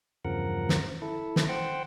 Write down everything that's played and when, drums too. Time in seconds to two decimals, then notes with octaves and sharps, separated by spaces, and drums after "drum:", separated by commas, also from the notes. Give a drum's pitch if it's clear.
0.25 E2 G2 C#3 F3 A#4 F#5
0.69 drum: snare
1.02 E4 A4
1.36 drum: snare
1.49 C5 F#5 G5